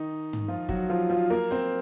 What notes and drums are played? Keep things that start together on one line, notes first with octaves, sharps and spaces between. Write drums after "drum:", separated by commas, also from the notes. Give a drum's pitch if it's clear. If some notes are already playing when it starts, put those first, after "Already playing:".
Already playing: D#3 D#4
drum: tom
F3 F4
F#3 F#4, drum: kick
F3 F4
F3 F4
A#3 A#4
C4 C5